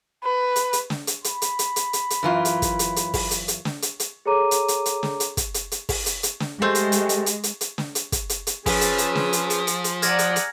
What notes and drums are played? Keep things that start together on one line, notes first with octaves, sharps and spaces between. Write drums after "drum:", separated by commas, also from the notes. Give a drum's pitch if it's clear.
B4
drum: hi-hat
drum: hi-hat
drum: snare
drum: hi-hat
B5, drum: hi-hat
drum: hi-hat
drum: hi-hat
drum: hi-hat
drum: hi-hat
drum: hi-hat
F#2 E3 F4
drum: hi-hat
drum: kick, hi-hat
drum: hi-hat
drum: hi-hat
drum: kick, open hi-hat
drum: hi-hat
drum: hi-hat
drum: snare
drum: hi-hat
drum: hi-hat
G#4 A4 C#5 A#5 D6 D#7
drum: hi-hat
drum: hi-hat
drum: hi-hat
drum: snare
drum: hi-hat
drum: kick, hi-hat
drum: hi-hat
drum: hi-hat
drum: kick, open hi-hat
drum: hi-hat
drum: hi-hat
drum: snare
G#3 A3 G4 C5
drum: hi-hat
drum: hi-hat
drum: hi-hat
drum: hi-hat
drum: hi-hat
drum: hi-hat
drum: snare
drum: hi-hat
drum: kick, hi-hat
drum: hi-hat
drum: hi-hat
F3 C#4 G#4 B4 G#5 E6 B6, drum: kick, open hi-hat
drum: hi-hat
drum: hi-hat
drum: snare
drum: hi-hat
drum: hi-hat
drum: hi-hat
drum: hi-hat
D5 F#5 A#5 D#6 F6 G#6 A#6, drum: hi-hat
drum: hi-hat
drum: hi-hat